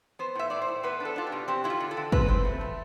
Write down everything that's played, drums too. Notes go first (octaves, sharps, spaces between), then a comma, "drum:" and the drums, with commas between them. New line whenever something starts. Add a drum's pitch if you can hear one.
B3 C5
A2 E5
A2 D5
C5
A2
B3 B4
D4
A4
D4 F4
G4
B2
C4 G4
D3 E4
F4
D3
A4
D3
C4 B4, drum: kick
C4
A3
A3